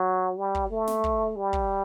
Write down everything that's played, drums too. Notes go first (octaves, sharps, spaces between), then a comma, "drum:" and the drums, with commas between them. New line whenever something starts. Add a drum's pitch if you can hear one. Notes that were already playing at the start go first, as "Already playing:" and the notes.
Already playing: F#3
G3
drum: kick
A3
drum: snare
drum: kick
G3
drum: kick